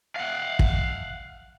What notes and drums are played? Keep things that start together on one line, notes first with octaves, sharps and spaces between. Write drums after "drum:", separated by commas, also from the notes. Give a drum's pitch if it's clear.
F5 F#5
drum: kick